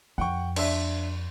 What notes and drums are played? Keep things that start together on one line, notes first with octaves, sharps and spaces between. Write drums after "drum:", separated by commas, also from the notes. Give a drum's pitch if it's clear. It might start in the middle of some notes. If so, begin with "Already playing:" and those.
F2 F#5 G5 C#6
D4 E5, drum: cymbal